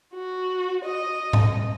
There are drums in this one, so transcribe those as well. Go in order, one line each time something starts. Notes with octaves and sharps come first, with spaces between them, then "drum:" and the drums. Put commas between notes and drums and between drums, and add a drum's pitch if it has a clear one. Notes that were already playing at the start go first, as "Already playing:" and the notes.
F#4
D#5
drum: tom G#2